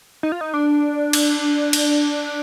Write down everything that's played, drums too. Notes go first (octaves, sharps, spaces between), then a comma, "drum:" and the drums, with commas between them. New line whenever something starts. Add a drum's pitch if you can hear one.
D#4
F4
D#4
D4
drum: cymbal
drum: cymbal